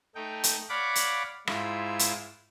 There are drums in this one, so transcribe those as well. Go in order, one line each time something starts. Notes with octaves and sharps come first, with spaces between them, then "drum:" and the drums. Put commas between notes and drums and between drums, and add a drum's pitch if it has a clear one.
A3 D#4 G5
drum: hi-hat
C#5 D5 F5 F#5 B5 D6
drum: hi-hat
G#2 E4 F4 E6, drum: rim click
drum: hi-hat